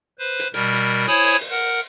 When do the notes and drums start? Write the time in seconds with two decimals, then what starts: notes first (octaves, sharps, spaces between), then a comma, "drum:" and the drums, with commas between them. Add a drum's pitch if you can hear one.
0.19 B4 C5
0.39 drum: hi-hat
0.54 B2 G3 A#4, drum: hi-hat
0.73 drum: hi-hat
1.07 E4 C5 C#5 G#5 B5 D#6, drum: hi-hat
1.24 drum: open hi-hat
1.41 drum: open hi-hat
1.51 A#4 F#5